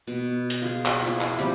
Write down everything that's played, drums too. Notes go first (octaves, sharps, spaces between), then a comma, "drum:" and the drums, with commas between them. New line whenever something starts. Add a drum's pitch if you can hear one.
B2
drum: hi-hat
F4 G#4
drum: clap
E4 F4
drum: clap
F3 G3 C4 G4